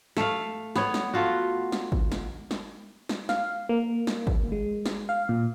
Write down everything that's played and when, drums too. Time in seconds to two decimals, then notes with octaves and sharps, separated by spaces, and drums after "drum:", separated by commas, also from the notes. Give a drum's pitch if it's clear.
0.17 A3 F5, drum: snare
0.76 B3 C#5, drum: snare
0.94 drum: snare
1.14 A3 F4 F#4
1.72 drum: snare
1.92 drum: kick
2.12 drum: snare
2.51 drum: snare
3.09 drum: snare
3.29 F5, drum: snare
3.69 A#3
4.07 drum: snare
4.27 drum: kick
4.52 G#3
4.86 drum: snare
5.09 F5
5.29 A#2